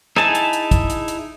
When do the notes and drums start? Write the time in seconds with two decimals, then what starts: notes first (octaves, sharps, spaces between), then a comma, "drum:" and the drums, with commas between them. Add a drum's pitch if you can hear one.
0.16 D#4 E4 G#4 G#5 A5, drum: rim click
0.35 drum: hi-hat
0.53 drum: hi-hat
0.71 drum: kick, hi-hat
0.90 drum: hi-hat
1.08 drum: hi-hat